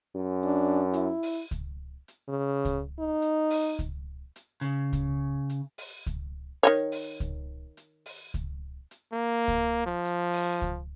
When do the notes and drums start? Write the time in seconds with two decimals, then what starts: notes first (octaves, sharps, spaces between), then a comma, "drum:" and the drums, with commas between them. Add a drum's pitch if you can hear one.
0.15 F#2
0.44 D4
0.93 E4, drum: hi-hat
1.23 drum: open hi-hat
1.51 drum: kick C#2, hi-hat
2.08 drum: hi-hat
2.29 C#3
2.65 drum: kick C#2, hi-hat
2.99 D#4
3.22 drum: hi-hat
3.50 drum: open hi-hat
3.79 drum: kick C#2, hi-hat
4.36 drum: hi-hat
4.61 C#3
4.93 drum: kick C#2, hi-hat
5.50 drum: hi-hat
5.78 drum: open hi-hat
6.06 drum: kick C#2, hi-hat
6.63 D#3 A3 C#5, drum: hi-hat
6.92 drum: open hi-hat
7.20 drum: kick C#2, hi-hat
7.77 drum: hi-hat
8.06 drum: open hi-hat
8.34 drum: kick C#2, hi-hat
8.91 drum: hi-hat
9.13 A#3
9.48 drum: kick C#2, hi-hat
9.86 F3
10.05 drum: hi-hat
10.33 drum: open hi-hat
10.62 drum: kick C#2, hi-hat